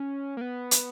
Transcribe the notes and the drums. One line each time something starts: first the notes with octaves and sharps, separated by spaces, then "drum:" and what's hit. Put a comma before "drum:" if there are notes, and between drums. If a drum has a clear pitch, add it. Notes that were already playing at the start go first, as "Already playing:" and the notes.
Already playing: C#4
A#3
B3
drum: hi-hat